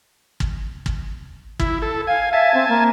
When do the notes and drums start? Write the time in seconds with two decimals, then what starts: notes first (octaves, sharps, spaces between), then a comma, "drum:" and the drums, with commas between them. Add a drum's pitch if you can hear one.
0.40 drum: kick
0.86 drum: kick
1.60 E4, drum: kick
1.82 A4
2.07 F5 G#5
2.33 E5 G#5 A5
2.54 C4
2.69 A#3